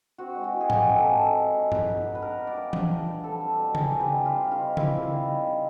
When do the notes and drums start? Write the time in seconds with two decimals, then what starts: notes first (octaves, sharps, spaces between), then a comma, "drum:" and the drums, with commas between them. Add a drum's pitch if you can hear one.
0.18 C4 F#4
0.35 G#3
0.44 F#4
0.52 E3
0.61 G#4
0.70 E3 G4, drum: tom G#2
0.87 C4
0.95 A4
1.04 G#3
1.20 D#4
1.37 B3
1.55 F#3
1.72 F#3 B4, drum: tom G2
1.89 D#4
2.05 B3
2.15 B4
2.22 B3 A#4
2.39 G3
2.47 D5
2.56 A#2
2.73 D4, drum: tom E3
2.90 B3
3.07 G3
3.24 C4 A4
3.41 G3
3.58 B2
3.75 E4 G#4, drum: tom C#3
3.92 C4
4.00 G4
4.08 G3
4.26 G3 F4
4.43 D#3
4.51 F4
4.59 C3
4.77 C3 E4, drum: tom C#3
4.94 G3
5.03 F4
5.11 D#3
5.28 D#4
5.44 B3